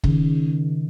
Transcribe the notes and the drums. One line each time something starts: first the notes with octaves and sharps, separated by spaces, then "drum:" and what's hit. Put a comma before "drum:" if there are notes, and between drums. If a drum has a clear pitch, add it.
C#3, drum: kick
D#3